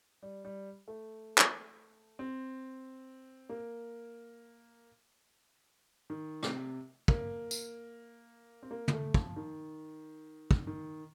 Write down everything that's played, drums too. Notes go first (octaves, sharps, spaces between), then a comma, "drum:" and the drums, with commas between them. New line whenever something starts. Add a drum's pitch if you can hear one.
G3
G3
A3
drum: clap
C4
A#3
D#3
C3, drum: rim click
A#3, drum: kick
drum: tambourine
C4
A#3
A#3, drum: tom
A3
F3, drum: kick
D#3
drum: kick
D#3